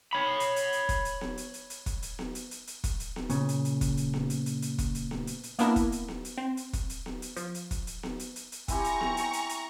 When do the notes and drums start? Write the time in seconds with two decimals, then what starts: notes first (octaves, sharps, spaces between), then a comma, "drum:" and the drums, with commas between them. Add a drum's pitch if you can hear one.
0.13 C#5 B5
0.40 drum: hi-hat
0.56 drum: hi-hat
0.73 drum: hi-hat
0.89 drum: kick, hi-hat
1.05 drum: hi-hat
1.21 drum: snare B3
1.37 drum: hi-hat
1.54 drum: hi-hat
1.70 drum: hi-hat
1.86 drum: kick, hi-hat
2.02 drum: hi-hat
2.19 drum: snare B3
2.35 drum: hi-hat
2.51 drum: hi-hat
2.67 drum: hi-hat
2.84 drum: kick, hi-hat
3.00 drum: hi-hat
3.16 drum: snare B3
3.30 A#2 C#3, drum: hi-hat
3.49 drum: hi-hat
3.65 drum: hi-hat
3.81 drum: kick, hi-hat
3.97 drum: hi-hat
4.14 drum: snare B3
4.30 drum: hi-hat
4.46 drum: hi-hat
4.62 drum: hi-hat
4.78 drum: kick, hi-hat
4.95 drum: hi-hat
5.11 drum: snare B3
5.27 drum: hi-hat
5.43 drum: hi-hat
5.59 A#3 B3 D4 E4 A#4, drum: hi-hat
5.76 drum: kick, hi-hat
5.92 drum: hi-hat
6.08 drum: snare B3
6.25 drum: hi-hat
6.38 C4
6.57 drum: hi-hat
6.73 drum: kick, hi-hat
6.90 drum: hi-hat
7.06 drum: snare B3
7.22 drum: hi-hat
7.36 F3, drum: hi-hat
7.55 drum: hi-hat
7.71 drum: kick, hi-hat
7.87 drum: hi-hat
8.03 drum: snare B3
8.19 drum: hi-hat
8.36 drum: hi-hat
8.52 drum: hi-hat
8.68 C4 E4 G4 G#5 A#5 C#6, drum: kick, hi-hat
8.84 drum: hi-hat
9.01 drum: snare B3
9.17 drum: hi-hat
9.33 drum: hi-hat
9.49 drum: hi-hat